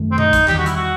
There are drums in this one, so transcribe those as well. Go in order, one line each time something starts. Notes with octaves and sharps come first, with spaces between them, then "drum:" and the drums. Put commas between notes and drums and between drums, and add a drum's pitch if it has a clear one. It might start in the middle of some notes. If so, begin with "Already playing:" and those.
Already playing: F#2 D#3 A3
C4
D#4, drum: tom A#2
drum: kick, hi-hat
E2 D#3 G3 G4, drum: clap
F#4
E4, drum: hi-hat
F#4